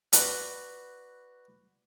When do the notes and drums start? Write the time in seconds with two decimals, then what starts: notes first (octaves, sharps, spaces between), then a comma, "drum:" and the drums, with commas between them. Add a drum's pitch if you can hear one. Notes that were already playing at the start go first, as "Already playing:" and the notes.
0.13 F#4 B4 D5, drum: hi-hat